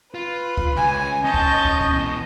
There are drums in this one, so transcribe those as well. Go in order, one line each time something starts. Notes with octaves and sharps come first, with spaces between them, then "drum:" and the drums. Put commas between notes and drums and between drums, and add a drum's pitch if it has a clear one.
F4 B4
drum: kick
C#2 C#3 G#5
C#4 C5 D#5 A5 C#6 G6
drum: kick
drum: kick
drum: kick
B2 E3